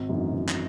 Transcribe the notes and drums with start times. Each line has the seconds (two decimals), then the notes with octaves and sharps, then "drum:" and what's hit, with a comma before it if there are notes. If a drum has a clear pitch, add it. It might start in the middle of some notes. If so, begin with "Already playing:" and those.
Already playing: G#1
0.09 F#2 E3 A3 D#4
0.33 G#1
0.49 drum: clap